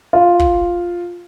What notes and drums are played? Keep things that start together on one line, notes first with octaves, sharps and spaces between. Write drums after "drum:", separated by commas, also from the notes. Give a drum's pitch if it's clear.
F4
drum: kick